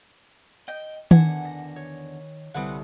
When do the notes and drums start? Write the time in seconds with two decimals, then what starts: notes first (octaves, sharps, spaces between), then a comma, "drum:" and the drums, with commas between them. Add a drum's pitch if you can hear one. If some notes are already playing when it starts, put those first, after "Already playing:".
0.68 D#5 G5
1.11 E2 D3 D#3 F#5 G#5 A5, drum: tom D#3
1.45 A#6
1.76 C#5
2.54 C2 D3 C4 B4 F#5